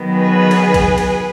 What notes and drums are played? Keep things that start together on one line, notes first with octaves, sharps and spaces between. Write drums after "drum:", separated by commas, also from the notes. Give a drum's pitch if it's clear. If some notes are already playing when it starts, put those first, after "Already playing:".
Already playing: D#3 F#3 B3
G#4 B4
drum: cymbal
drum: kick, cymbal
drum: cymbal